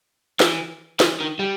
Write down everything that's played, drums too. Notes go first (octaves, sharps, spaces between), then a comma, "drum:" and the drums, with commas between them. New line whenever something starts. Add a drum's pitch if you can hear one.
E3, drum: snare
E3, drum: snare
D#3
G3